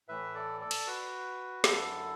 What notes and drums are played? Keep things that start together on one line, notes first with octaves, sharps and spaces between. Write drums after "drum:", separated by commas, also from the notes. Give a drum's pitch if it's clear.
A2 E3 B4 E5
A4 D5
A4 D5
drum: cymbal
F#4 B4
F#2 D3 E4 A4, drum: snare